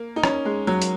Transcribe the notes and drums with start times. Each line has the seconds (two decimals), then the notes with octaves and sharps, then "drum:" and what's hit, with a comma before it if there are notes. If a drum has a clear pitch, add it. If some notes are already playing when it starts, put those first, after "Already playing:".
Already playing: A#3
0.16 D#4
0.24 C#4, drum: rim click
0.45 G#3
0.67 F#3
0.82 drum: hi-hat